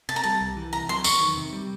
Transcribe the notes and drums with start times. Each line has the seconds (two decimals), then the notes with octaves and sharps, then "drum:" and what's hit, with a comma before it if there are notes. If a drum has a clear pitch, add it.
0.09 C3 A5
0.16 A#5
0.24 G3 A5
0.41 C2
0.57 E3
0.73 C3 A#5
0.89 F#3 C6
1.04 E2 C#6, drum: tambourine
1.21 D#3
1.37 C3
1.53 G3